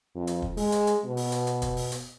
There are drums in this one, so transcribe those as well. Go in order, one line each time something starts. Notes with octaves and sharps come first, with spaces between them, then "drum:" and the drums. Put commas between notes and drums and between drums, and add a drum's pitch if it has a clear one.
F2
drum: hi-hat
drum: kick
G#3, drum: open hi-hat
drum: hi-hat
drum: hi-hat
B2
drum: open hi-hat
drum: hi-hat
drum: hi-hat
drum: kick, hi-hat
drum: open hi-hat
drum: hi-hat